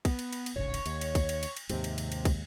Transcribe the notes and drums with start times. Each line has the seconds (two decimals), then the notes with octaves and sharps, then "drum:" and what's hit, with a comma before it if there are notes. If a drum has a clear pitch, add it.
0.05 B3, drum: kick, cymbal
0.19 drum: cymbal
0.33 drum: cymbal
0.46 drum: cymbal
0.56 D1 G#1 C#3 C#5
0.74 drum: cymbal
0.86 D#2, drum: cymbal
1.01 drum: cymbal
1.15 drum: kick, cymbal
1.29 drum: cymbal
1.43 drum: cymbal
1.57 drum: cymbal
1.69 D#2 G#2 C3, drum: cymbal
1.84 drum: cymbal
1.98 drum: cymbal
2.12 drum: cymbal
2.25 drum: kick, cymbal